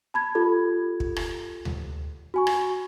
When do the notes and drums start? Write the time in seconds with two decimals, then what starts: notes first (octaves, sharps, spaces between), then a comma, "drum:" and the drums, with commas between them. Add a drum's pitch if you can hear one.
0.14 A5 B5 G#6
0.35 F4 G4 A4
1.00 drum: kick
1.16 drum: rim click
1.65 drum: tom D2
2.34 F#4 G#5 C#6
2.47 drum: rim click